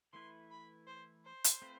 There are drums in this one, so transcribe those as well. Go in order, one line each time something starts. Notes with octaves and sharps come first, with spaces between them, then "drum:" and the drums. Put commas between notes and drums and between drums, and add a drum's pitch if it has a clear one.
E3 A3 E4 B4 C6
B5
C5
C5
drum: hi-hat
A3 C4 F4 B4